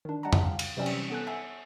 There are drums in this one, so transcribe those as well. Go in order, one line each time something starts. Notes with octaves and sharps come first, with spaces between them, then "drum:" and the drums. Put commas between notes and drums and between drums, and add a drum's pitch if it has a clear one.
D#3 D4
G3 F#5 A5 A#5
drum: tom
F5 G5
drum: cymbal
C3 E3 F#3 G3 C4 C#4
drum: cymbal
B3 A4 G#5 F#6
E5 F#5 G#5 E6